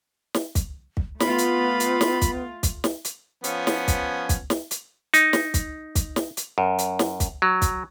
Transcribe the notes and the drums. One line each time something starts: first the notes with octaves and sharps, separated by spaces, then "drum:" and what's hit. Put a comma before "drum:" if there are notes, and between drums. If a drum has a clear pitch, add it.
drum: snare
drum: kick, hi-hat
drum: kick
A3 B3 F4 B5, drum: snare
drum: hi-hat
drum: hi-hat
drum: snare
drum: kick, hi-hat
drum: kick, hi-hat
drum: snare
drum: hi-hat
F3 B3 C#4, drum: hi-hat
drum: snare
drum: kick, hi-hat
drum: kick, hi-hat
drum: snare
drum: hi-hat
D#4, drum: hi-hat
drum: snare
drum: kick, hi-hat
drum: kick, hi-hat
drum: snare
drum: hi-hat
F#2
drum: hi-hat
drum: snare
drum: kick, hi-hat
F#3
drum: kick, hi-hat